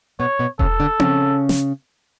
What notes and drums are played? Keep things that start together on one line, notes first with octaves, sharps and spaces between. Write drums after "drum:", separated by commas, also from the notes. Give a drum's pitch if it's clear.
B2 B3 C#5
B2 B3
C#3 C#4 A4, drum: kick E1
D3 D4
C#3 C#4, drum: tom C4
drum: snare